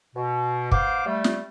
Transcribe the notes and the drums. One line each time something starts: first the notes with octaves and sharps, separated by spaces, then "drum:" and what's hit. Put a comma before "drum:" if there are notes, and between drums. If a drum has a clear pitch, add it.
B2
B3 C5 F5 D6, drum: kick
G3 A3
drum: snare